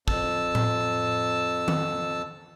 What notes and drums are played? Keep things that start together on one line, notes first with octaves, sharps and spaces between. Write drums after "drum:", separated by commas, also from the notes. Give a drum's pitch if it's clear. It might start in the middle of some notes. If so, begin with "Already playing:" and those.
F2 A5 E6, drum: kick
drum: tom A2
drum: tom D#3